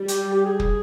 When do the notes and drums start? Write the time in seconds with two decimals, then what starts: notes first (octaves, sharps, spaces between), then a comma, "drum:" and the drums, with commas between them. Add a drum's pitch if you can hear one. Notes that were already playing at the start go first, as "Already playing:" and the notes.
Already playing: G3
0.08 G4, drum: hi-hat
0.34 G4
0.46 G#4
0.60 drum: kick